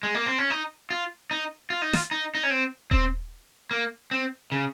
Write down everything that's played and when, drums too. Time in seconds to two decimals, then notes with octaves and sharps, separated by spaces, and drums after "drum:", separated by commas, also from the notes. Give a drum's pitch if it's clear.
0.03 G#3
0.15 A#3
0.26 C4
0.38 C#4
0.50 D#4
0.90 F4
1.31 D#4
1.70 F4
1.82 D#4
1.93 F4, drum: snare
2.11 D#4
2.35 D#4
2.43 C#4
2.50 C4
2.91 C4, drum: kick D#1
3.71 A#3
4.11 C4
4.52 C#3